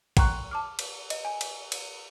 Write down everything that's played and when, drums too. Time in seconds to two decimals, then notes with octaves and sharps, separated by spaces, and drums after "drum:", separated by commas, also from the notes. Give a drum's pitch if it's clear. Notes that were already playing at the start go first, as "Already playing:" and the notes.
0.17 F#5 G5 A#5 C6 C#6 F#6, drum: kick, cymbal
0.51 A5 D6 F6
0.79 drum: cymbal
1.10 D#5, drum: cymbal
1.25 G#5
1.41 drum: cymbal
1.72 drum: cymbal